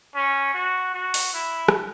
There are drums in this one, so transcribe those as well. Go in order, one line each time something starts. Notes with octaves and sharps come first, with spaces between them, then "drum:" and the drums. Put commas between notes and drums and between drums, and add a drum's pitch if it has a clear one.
C#4
F#4
F#4
drum: open hi-hat
E4
drum: rim click